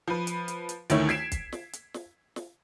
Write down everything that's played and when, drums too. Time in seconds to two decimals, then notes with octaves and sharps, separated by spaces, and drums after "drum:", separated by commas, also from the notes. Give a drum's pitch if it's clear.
0.08 F3 B4
0.27 drum: hi-hat
0.48 drum: hi-hat
0.69 drum: hi-hat
0.90 D2 D#3 A3 E4 C#5, drum: hi-hat
1.09 G#6 B6 C7 D7 E7, drum: snare
1.32 drum: kick, hi-hat
1.52 drum: snare
1.73 drum: hi-hat
1.94 drum: snare
2.36 drum: snare